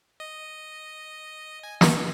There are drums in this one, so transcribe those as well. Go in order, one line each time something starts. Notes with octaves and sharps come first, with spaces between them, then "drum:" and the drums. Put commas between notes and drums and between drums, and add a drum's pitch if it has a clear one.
D#5
G#5
B3, drum: snare